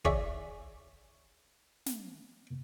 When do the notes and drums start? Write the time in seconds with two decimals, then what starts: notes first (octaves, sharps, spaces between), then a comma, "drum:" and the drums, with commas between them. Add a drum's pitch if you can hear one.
0.05 G#4 C#5 D5 E5, drum: kick
1.86 drum: snare